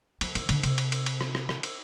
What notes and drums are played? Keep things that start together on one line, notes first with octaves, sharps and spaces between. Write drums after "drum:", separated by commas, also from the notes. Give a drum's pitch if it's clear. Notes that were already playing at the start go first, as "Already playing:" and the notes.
F3, drum: cymbal
E3, drum: cymbal
D3, drum: cymbal
C3, drum: cymbal
drum: cymbal
drum: cymbal
drum: cymbal
drum: rim click
drum: rim click
drum: rim click
drum: cymbal